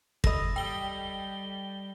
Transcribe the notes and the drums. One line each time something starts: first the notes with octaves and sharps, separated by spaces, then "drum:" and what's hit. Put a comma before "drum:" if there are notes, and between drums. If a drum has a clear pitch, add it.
A4 D#5 B5 A#6, drum: kick
G3 G5 G7